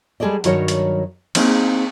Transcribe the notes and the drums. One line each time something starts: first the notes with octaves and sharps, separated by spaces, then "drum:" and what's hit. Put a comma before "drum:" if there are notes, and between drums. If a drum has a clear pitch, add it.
G3 G#3 G#4 A4 D5 D#5
G2 D#3 F#3 F#4 A#4 C#5, drum: hi-hat
drum: hi-hat
A#3 C4 D#4 G#4 F5, drum: cymbal